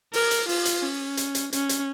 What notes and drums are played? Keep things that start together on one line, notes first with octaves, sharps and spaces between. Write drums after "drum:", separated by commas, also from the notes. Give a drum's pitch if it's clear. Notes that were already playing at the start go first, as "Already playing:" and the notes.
A#4, drum: open hi-hat
drum: hi-hat
F4, drum: open hi-hat
drum: hi-hat
C#4
drum: hi-hat
drum: hi-hat
C#4, drum: hi-hat
drum: hi-hat